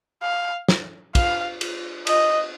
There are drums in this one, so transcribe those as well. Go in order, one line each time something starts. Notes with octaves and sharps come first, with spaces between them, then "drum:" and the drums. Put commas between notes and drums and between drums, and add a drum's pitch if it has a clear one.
F5
drum: snare
F5, drum: kick, cymbal
drum: cymbal
D#5, drum: cymbal